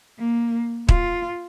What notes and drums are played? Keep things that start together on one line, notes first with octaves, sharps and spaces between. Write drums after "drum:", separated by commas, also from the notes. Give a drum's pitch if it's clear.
A#3
F4, drum: kick